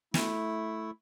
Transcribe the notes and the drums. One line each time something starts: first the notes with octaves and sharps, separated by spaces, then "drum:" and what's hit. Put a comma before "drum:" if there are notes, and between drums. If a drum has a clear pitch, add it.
A3 E4, drum: snare